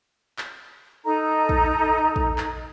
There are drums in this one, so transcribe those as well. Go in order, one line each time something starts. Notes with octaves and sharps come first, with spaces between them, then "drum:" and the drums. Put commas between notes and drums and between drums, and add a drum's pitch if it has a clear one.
drum: clap
D#4 A4 A#5
drum: kick
drum: kick
drum: clap